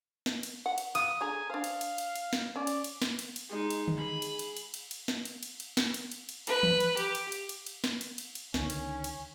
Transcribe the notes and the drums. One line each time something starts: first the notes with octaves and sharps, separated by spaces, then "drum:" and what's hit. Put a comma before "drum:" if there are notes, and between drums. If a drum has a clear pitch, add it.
drum: snare
drum: cymbal
F#5
drum: cymbal
B3 F5 D#6, drum: cymbal
D3 G#4 G#5 A#5
D4 C5 F5
drum: cymbal
drum: cymbal
drum: cymbal
drum: cymbal
drum: snare
C#4 D5
drum: cymbal
drum: cymbal
drum: snare
drum: cymbal
drum: cymbal
G#3 D#4
drum: cymbal
drum: tom D3
G#4 B5
drum: cymbal
drum: cymbal
drum: cymbal
drum: cymbal
drum: cymbal
drum: snare
drum: cymbal
drum: cymbal
drum: cymbal
drum: snare
drum: cymbal
drum: cymbal
drum: cymbal
B4, drum: cymbal
drum: tom E3
drum: cymbal
G4, drum: cymbal
drum: cymbal
drum: cymbal
drum: cymbal
drum: cymbal
drum: snare
drum: cymbal
drum: cymbal
drum: cymbal
C#2 D3 D#3 C#4, drum: snare
drum: cymbal
drum: cymbal